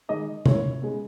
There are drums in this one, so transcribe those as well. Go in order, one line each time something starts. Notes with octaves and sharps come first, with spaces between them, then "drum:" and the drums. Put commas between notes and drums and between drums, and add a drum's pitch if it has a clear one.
D#3 G#3 D#4 D#5
D#3 A#3 E4 C#5, drum: tom C3
C#3 G#3 B3